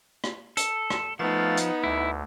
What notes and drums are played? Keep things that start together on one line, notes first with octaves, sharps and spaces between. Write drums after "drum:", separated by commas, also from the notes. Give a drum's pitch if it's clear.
drum: rim click
A4, drum: hi-hat
drum: rim click
F3 A3 B3 D#4 F5 A6
drum: hi-hat
D2 E4